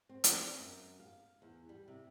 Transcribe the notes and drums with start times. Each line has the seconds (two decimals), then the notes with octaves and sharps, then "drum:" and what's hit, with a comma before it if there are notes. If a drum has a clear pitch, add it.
0.09 C4
0.24 drum: hi-hat
0.57 F#2
1.00 F5
1.42 E2
1.69 G3
1.88 C3